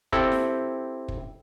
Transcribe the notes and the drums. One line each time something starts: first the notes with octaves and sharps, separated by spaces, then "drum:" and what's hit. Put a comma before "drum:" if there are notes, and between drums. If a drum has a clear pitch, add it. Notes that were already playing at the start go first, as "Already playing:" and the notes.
C4 E4 G4 A4, drum: kick
drum: snare E4
drum: kick